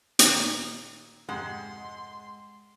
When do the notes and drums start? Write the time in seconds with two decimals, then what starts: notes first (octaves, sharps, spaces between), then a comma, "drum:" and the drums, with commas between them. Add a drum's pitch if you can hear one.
0.19 A#2 D#3, drum: hi-hat
1.29 F2 G#2 C3 G#3 F#5 C6